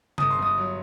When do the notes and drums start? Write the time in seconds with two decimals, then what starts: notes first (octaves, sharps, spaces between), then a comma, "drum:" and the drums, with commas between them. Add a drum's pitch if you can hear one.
0.18 G1 D#6, drum: tom C3
0.30 C6
0.39 G1 D#6
0.58 F#3